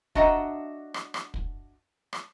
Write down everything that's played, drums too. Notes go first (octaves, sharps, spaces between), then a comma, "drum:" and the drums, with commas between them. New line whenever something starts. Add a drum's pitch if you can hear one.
D4 F#4 D#5 E5 F#5 A#5, drum: kick
drum: rim click
drum: rim click
drum: kick
drum: rim click